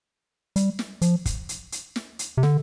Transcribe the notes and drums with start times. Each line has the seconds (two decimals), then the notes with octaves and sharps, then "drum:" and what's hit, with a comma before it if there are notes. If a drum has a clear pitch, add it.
0.56 G3, drum: hi-hat
0.79 drum: snare
1.02 F3, drum: hi-hat
1.26 drum: kick, hi-hat
1.49 drum: hi-hat
1.72 drum: hi-hat
1.96 drum: snare
2.19 drum: hi-hat
2.37 C3
2.43 D3, drum: snare